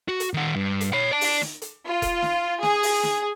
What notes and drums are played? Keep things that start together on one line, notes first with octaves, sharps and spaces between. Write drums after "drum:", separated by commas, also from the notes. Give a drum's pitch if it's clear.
F#4
drum: hi-hat
D#3 F#5
G2
drum: hi-hat
C#5 B5
D5 A5
drum: open hi-hat
drum: snare
drum: hi-hat
F4
drum: kick E1, hi-hat
drum: snare
G#4, drum: snare
drum: open hi-hat
drum: snare